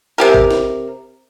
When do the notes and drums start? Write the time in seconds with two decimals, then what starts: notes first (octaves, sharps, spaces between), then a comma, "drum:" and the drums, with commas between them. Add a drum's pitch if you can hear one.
0.18 C3 G4 A#4
0.34 drum: kick G#1
0.51 drum: snare